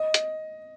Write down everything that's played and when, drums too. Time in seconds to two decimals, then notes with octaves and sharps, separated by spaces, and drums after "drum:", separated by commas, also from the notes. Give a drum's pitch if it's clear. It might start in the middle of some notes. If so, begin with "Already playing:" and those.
Already playing: D#5
0.14 drum: hi-hat